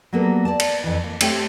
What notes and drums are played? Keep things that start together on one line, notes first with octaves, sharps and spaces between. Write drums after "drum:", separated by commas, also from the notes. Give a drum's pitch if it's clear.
F#3 G3 A#3 B3 A4
D5 A5
drum: cymbal
F2 E3
A#3
A3 C4 G4 C#5 G5, drum: cymbal